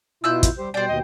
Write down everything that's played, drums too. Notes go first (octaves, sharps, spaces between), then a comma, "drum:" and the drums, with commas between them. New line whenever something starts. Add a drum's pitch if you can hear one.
B2 E4 F4 E6 F#6 G6
drum: kick, hi-hat
G3 G4 C5
B2 G3 C5 D5 G5
D#2 B2 D#5